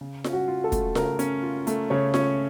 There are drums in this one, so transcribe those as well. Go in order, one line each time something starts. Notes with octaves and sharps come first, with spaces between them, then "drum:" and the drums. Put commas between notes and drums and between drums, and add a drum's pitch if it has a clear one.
C#3
C#4, drum: snare F4
F#4
F4
A4
A3, drum: kick, hi-hat
C#3 A#4, drum: snare F4
C#4, drum: hi-hat
F4
A3, drum: hi-hat
C#3 C#5
C#4 C#5, drum: snare F4